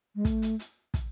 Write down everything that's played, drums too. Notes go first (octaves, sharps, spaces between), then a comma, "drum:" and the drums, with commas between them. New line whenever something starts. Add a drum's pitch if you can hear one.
G#3
A3, drum: kick, hi-hat
drum: hi-hat
drum: hi-hat
drum: kick, hi-hat